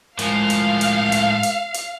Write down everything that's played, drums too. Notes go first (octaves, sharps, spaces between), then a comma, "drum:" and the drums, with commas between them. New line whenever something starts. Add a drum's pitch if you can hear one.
A2 F3 G#3 A#4 F5, drum: hi-hat
drum: hi-hat
drum: hi-hat
drum: hi-hat
drum: hi-hat
drum: hi-hat